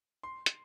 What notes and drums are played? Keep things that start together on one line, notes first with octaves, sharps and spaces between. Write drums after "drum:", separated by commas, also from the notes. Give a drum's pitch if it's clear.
C6
drum: hi-hat